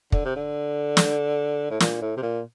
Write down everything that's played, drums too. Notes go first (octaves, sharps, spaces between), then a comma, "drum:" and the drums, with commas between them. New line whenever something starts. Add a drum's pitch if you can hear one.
D3, drum: kick
C3
D3
drum: snare
A2
A#2, drum: snare
A2
C3
A#2